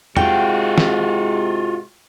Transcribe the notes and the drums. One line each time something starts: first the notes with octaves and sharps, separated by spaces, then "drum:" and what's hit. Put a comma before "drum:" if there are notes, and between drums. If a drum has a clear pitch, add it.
G#2 C3 G#3 F4 F#4 G5, drum: tom
drum: snare